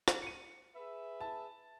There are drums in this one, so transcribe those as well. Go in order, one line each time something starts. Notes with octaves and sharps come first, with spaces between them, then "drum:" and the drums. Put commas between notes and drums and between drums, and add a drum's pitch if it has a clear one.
drum: rim click
C#7 D#7
G#4 B4 E5
A5